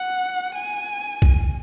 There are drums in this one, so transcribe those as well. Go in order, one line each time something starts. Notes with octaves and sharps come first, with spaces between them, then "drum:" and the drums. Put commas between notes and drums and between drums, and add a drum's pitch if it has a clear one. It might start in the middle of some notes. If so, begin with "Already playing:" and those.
Already playing: F#5
G#5
drum: kick